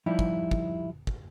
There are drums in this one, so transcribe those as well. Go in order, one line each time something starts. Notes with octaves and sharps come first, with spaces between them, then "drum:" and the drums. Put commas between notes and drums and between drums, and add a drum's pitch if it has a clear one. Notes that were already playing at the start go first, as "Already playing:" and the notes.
F3 G3 D#4 E4 G4
drum: kick
drum: kick
drum: kick